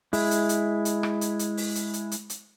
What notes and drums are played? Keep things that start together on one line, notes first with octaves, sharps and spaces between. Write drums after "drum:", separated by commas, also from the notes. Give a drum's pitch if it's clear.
G#3 E4, drum: open hi-hat
drum: hi-hat
drum: hi-hat
drum: hi-hat
drum: rim click
drum: hi-hat
drum: hi-hat
drum: open hi-hat
drum: hi-hat
drum: hi-hat
drum: hi-hat
drum: hi-hat